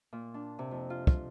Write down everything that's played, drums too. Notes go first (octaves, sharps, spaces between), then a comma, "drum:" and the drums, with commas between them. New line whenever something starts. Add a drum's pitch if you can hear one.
A#2
D4
C3
F2
F4
F4, drum: kick